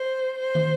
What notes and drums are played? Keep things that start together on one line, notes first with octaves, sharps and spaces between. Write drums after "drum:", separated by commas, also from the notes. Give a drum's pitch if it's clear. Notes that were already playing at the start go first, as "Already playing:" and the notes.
Already playing: C5
C5
drum: tom